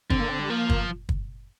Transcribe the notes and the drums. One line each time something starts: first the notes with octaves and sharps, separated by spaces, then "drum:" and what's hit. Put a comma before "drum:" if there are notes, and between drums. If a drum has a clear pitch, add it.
D3 C4, drum: kick
A#3
C4
G3
F3 A#3
drum: kick
drum: kick